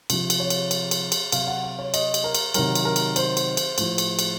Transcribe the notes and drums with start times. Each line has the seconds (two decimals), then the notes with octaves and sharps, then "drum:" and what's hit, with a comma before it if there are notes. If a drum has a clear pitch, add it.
0.10 C3 F3, drum: cymbal
0.30 drum: cymbal
0.40 C#5
0.50 drum: cymbal
0.71 drum: cymbal
0.91 drum: cymbal
1.12 drum: cymbal
1.32 C3 F#3 F5, drum: cymbal
1.47 F#5
1.63 F5
1.79 C#5
1.94 D#5, drum: cymbal
2.14 drum: cymbal
2.24 A#4
2.35 drum: cymbal
2.54 C3 D#3 F#3 A#4, drum: cymbal
2.75 drum: cymbal
2.85 A#4
2.96 drum: cymbal
3.16 C5, drum: cymbal
3.37 drum: cymbal
3.57 drum: cymbal
3.78 A2 F3, drum: cymbal
3.98 drum: cymbal
4.19 drum: cymbal